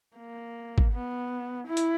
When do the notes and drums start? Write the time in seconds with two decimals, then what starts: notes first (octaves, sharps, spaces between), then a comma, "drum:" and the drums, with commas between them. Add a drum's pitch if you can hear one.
0.16 A#3
0.78 drum: kick
0.92 B3
1.67 E4
1.77 drum: hi-hat